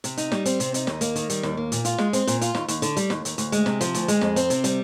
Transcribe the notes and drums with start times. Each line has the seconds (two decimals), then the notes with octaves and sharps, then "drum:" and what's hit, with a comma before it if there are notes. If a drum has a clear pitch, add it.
0.04 C3, drum: hi-hat
0.17 D#4, drum: hi-hat
0.32 G3, drum: snare
0.45 C4, drum: hi-hat
0.60 C3, drum: hi-hat
0.74 D#4, drum: hi-hat
0.87 D#2, drum: snare
1.01 A#3, drum: hi-hat
1.16 D#3, drum: hi-hat
1.30 G3, drum: hi-hat
1.43 D#2, drum: snare
1.57 A#3
1.72 A#2, drum: hi-hat
1.85 F4, drum: hi-hat
1.98 G#3, drum: snare
2.13 C4, drum: hi-hat
2.27 A#2, drum: hi-hat
2.41 F4, drum: hi-hat
2.55 D#2, drum: snare
2.68 D#2, drum: hi-hat
2.82 D3, drum: hi-hat
2.97 G3, drum: hi-hat
3.10 D#2, drum: snare
3.25 D#2, drum: hi-hat
3.38 D2, drum: hi-hat
3.52 G#3, drum: hi-hat
3.66 C3, drum: snare
3.81 F3, drum: hi-hat
3.94 D2, drum: hi-hat
4.08 G#3, drum: hi-hat
4.21 F2, drum: snare
4.36 C4, drum: hi-hat
4.50 C3, drum: hi-hat
4.64 G3, drum: hi-hat